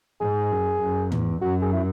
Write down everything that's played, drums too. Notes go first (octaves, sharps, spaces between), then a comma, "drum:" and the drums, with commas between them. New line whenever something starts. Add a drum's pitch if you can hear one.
G#2 G#4
F#2
F#2
E2, drum: tom
F#2 F#4
G#4
E4